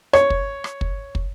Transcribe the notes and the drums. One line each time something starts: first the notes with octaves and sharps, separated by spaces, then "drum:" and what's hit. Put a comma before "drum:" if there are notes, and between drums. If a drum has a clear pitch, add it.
C#5, drum: rim click
drum: kick
drum: rim click
drum: kick
drum: kick